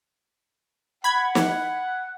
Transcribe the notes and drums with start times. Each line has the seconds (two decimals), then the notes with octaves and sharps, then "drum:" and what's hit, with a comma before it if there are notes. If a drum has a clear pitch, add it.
1.04 F#5 B5 G#6
1.35 drum: snare